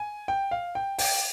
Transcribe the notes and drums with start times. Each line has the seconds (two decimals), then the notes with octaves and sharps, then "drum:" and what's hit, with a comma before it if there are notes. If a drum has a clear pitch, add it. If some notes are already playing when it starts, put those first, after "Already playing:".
Already playing: G#5
0.28 G5
0.51 F5
0.75 G5
0.99 G5, drum: open hi-hat